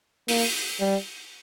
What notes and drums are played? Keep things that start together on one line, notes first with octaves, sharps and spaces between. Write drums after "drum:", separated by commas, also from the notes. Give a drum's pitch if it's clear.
A#3, drum: open hi-hat
G3